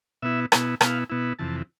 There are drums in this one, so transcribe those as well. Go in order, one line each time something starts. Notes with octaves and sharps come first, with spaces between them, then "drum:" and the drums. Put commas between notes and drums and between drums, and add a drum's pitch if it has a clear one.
B2 B3 E4 E5
B2 B3 E4, drum: rim click
B2 B3 E4 F5, drum: rim click
B2 B3 E4
F2 C3 E3 A5